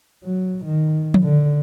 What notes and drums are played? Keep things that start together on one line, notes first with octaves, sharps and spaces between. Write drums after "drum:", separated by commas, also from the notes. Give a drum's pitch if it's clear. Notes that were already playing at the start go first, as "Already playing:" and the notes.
F#3
D#3
drum: tom F3
D3